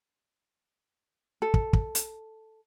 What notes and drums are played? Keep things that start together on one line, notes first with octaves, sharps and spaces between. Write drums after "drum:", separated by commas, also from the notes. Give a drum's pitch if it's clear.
A4
drum: kick
drum: kick
drum: hi-hat